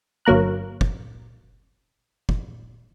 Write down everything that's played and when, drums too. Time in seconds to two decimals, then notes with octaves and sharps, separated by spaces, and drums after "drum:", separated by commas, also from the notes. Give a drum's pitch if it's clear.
0.25 G1 F#3 A#3 A#5 F#6
0.81 drum: kick
2.29 drum: kick